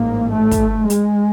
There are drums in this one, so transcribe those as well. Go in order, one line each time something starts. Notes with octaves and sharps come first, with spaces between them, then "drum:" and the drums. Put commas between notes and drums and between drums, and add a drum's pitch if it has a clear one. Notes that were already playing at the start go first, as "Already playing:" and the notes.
Already playing: A1 G#2 A#3
A3
drum: kick, hi-hat
G#3, drum: hi-hat